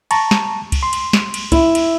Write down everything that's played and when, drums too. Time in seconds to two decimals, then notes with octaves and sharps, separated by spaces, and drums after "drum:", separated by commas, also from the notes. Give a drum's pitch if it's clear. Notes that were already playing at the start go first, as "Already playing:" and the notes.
0.11 A5 A#5 C#6, drum: cymbal
0.31 drum: snare
0.72 drum: kick C2, cymbal
0.83 C6
0.93 drum: cymbal
1.13 drum: snare
1.34 drum: cymbal
1.52 E4, drum: kick C2, cymbal
1.75 drum: cymbal